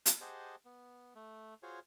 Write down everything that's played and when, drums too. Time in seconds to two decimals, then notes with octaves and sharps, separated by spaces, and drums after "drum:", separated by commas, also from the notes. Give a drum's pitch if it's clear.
0.06 drum: hi-hat
0.21 G4 G#4 C5 D#5 F#5 A5
0.65 B3
1.16 A3
1.63 F4 F#4 G#4 C5 C#5